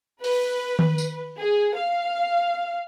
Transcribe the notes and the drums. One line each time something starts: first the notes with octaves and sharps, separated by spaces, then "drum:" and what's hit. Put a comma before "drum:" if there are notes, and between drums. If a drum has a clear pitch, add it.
B4, drum: open hi-hat
drum: tom D#3
drum: tambourine
G#4
F5